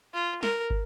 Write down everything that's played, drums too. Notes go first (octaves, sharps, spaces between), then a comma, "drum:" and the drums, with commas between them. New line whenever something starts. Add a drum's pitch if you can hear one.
F4
A#4, drum: snare
drum: kick